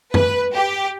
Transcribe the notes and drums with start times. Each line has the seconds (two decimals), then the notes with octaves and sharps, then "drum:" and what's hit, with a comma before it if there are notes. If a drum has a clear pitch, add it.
0.14 B4, drum: tom F#2
0.54 G4